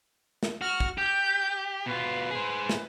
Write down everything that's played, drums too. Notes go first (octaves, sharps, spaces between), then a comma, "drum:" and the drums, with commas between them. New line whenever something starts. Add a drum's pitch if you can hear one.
drum: snare
F#4 F6
drum: kick
G4 G6
B2 F4 B4
G#4 C5
drum: snare